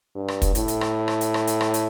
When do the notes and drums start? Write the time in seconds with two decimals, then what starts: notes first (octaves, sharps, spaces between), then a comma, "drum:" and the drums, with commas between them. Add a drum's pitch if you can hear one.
0.15 G2
0.28 drum: rim click
0.42 drum: kick, hi-hat
0.55 A2, drum: hi-hat
0.68 drum: hi-hat
0.81 drum: rim click
1.08 drum: rim click
1.21 drum: hi-hat
1.34 drum: rim click
1.47 drum: hi-hat
1.61 drum: rim click
1.74 drum: hi-hat